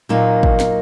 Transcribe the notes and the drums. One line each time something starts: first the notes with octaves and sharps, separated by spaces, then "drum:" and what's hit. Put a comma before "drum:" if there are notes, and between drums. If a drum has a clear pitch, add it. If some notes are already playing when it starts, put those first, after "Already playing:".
A#2 F#3 A#3 D#4
drum: kick
drum: snare